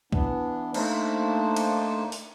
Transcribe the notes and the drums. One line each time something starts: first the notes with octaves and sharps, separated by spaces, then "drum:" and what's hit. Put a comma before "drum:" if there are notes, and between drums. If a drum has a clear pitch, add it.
E3 B3 D4, drum: kick
A3 A#3 D4 D#4 C5 A5, drum: cymbal
drum: cymbal
drum: open hi-hat